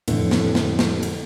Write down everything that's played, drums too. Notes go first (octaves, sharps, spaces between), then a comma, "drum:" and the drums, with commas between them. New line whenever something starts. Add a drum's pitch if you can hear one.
F2 A2 D3 E3, drum: cymbal
drum: snare
drum: snare
drum: snare
drum: cymbal